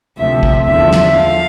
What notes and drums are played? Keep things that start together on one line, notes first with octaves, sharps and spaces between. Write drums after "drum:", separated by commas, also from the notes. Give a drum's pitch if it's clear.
D2 C3 F3 E5
drum: kick
E2 D3 F3 E5
drum: snare
F3 F5